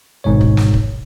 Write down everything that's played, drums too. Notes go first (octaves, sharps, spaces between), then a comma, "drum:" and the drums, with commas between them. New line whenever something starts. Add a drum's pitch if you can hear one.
G#1 G#2 B2 C#5
drum: kick
drum: snare
drum: kick